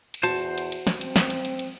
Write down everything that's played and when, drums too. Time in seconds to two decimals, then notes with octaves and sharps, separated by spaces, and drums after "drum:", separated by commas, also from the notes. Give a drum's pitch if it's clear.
0.14 drum: cymbal
0.23 E2 F#4 C5 A5
0.58 drum: cymbal
0.72 drum: cymbal
0.87 drum: snare
1.01 C4, drum: cymbal
1.16 drum: snare
1.30 drum: cymbal
1.45 drum: cymbal
1.59 drum: cymbal